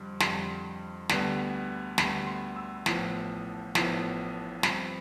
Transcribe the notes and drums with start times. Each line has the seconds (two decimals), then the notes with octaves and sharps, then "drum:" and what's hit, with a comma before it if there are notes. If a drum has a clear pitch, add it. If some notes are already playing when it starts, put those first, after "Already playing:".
Already playing: F2 D3 G3
0.20 F2 D3 G3 C6, drum: snare
1.09 D2 D3 G3 B3, drum: snare
1.98 D2 D3 G3 B3 B5, drum: snare
2.27 C6
2.56 E6
2.86 A1 A2 F3 B3, drum: snare
3.75 A1 A2 F3 B3, drum: snare
4.63 G2 F3 C4 B5, drum: snare